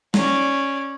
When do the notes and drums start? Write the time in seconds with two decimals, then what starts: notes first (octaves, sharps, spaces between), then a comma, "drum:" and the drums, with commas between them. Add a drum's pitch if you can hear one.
0.14 C#4 D5, drum: snare